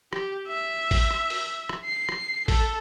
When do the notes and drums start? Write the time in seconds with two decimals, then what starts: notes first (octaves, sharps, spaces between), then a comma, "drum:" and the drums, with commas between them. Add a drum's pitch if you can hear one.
0.13 G4, drum: rim click
0.48 E5
0.91 drum: kick, open hi-hat
1.11 drum: rim click
1.30 drum: open hi-hat
1.69 drum: rim click
1.85 C7
2.09 drum: rim click
2.48 A4, drum: kick, open hi-hat